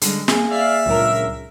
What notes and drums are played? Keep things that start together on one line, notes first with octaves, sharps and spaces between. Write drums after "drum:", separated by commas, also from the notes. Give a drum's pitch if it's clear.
D3 G3 G#3, drum: hi-hat
A#3 G#4 G#5, drum: snare
D5 E5 F5 F6
C#2 A#2 F#3 D4 A#4